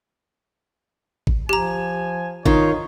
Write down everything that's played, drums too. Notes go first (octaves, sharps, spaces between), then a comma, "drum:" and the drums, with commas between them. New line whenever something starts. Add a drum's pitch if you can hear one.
drum: kick
F3 G4 G#5 A#5
D#3 D#4 F4 C#5, drum: kick